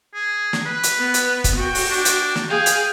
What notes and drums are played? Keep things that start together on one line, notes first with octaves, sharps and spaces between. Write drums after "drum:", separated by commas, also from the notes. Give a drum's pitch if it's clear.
G#4
drum: snare
B4
drum: hi-hat
B3
drum: hi-hat
drum: kick, hi-hat
F#4 G5
drum: open hi-hat
D4
drum: hi-hat
drum: snare
G#4 F5 G5
drum: hi-hat